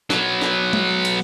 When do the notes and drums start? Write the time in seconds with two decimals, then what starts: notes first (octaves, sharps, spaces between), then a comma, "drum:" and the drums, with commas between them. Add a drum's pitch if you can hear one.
0.10 F#3 B3, drum: snare
0.42 drum: snare
0.73 drum: tom G#3
1.05 drum: cymbal